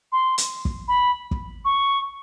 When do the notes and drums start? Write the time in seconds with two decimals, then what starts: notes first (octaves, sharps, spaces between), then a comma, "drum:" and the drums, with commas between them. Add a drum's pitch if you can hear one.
0.12 C6
0.38 drum: hi-hat
0.65 drum: kick
0.88 B5
1.31 drum: kick
1.65 C#6